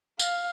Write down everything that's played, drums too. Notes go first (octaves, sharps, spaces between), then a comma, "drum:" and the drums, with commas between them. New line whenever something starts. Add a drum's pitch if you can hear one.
F5, drum: tambourine